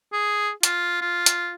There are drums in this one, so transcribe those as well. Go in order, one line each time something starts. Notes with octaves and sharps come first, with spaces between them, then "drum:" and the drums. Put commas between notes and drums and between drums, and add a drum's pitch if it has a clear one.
G#4
F4, drum: hi-hat
F4
drum: hi-hat